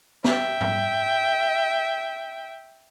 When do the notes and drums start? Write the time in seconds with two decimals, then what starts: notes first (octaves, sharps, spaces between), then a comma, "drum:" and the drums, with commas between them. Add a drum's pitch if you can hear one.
0.24 E5 G5, drum: snare
0.61 drum: tom G#2